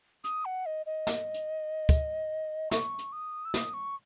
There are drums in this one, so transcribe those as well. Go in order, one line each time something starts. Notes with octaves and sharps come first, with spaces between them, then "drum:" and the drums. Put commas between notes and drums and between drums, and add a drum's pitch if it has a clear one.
D#6, drum: hi-hat
F#5
D#5
D#5
drum: snare
drum: hi-hat
drum: kick, hi-hat
C#6, drum: snare
drum: hi-hat
D#6
E6
D#6, drum: snare
C#6